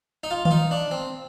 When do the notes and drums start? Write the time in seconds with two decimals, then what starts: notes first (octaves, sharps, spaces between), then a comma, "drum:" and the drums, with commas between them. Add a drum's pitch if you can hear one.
0.24 D#4
0.31 F4
0.45 F4, drum: tom D#3
0.51 D#4
0.71 D4
0.91 C4